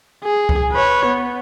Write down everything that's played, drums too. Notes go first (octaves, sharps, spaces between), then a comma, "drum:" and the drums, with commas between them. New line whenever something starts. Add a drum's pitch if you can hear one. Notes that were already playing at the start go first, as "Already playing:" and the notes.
G#4
drum: kick C#2
B4 C#5
B3